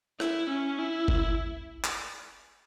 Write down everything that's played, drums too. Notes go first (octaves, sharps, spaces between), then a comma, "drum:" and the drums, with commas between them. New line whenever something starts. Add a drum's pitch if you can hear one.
E4, drum: rim click
C#4
E4
drum: kick G1
drum: clap